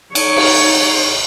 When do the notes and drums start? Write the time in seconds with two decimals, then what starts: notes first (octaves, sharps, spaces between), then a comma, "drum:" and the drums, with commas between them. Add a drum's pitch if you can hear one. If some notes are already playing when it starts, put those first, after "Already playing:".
0.15 D#4 C#5, drum: cymbal
0.36 drum: cymbal